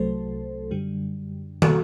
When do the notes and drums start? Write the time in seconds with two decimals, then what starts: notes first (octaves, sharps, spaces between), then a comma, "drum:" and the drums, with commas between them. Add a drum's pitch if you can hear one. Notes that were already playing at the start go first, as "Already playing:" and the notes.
Already playing: C2 C3 F#3 A3 A4 C5
0.71 F#2 D3 G3
1.62 B2 G3 F#4 A4, drum: tom